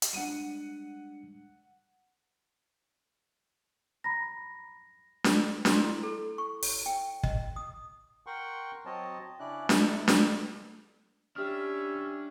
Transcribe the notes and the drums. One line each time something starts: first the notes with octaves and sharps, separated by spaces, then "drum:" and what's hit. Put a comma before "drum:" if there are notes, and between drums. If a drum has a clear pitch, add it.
drum: hi-hat
G3 G#3 D4 F#5 D#7
A#5 B5 A#6
drum: snare D4
C6, drum: snare D4
E4
A4
C#6
C#5, drum: open hi-hat
G5
D#5, drum: kick
D#6
A#4 F#5 G5 C6 C#6
F#3 C4 C#5 D#5 A5
C#3 C#4 D4 E4 D5 F#6
D#4 E4 F#5 A5, drum: snare D4
drum: snare D4
G3 C#4 D4 G4 E5 F6